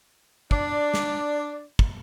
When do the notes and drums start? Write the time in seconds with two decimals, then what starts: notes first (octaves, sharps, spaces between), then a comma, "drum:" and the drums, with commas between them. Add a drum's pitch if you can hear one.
0.51 D4 D5, drum: kick
0.94 drum: snare
1.79 drum: kick